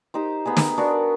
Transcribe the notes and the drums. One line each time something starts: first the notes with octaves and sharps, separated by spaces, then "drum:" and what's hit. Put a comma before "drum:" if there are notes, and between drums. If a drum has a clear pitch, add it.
D#4 G4 C5
B3 D#4 G#4
drum: snare
B3 D4 F#4 A#4